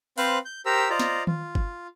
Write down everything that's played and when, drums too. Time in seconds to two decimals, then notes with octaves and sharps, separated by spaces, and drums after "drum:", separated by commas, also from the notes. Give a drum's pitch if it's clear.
0.18 C4 B4 C5 F5 F#6, drum: open hi-hat
0.45 G6
0.66 G4 A#4 C5 A#5 E6
0.90 F4 C5 D5 D#5 A#5
1.00 drum: snare
1.27 F4, drum: tom D#3
1.55 drum: kick G1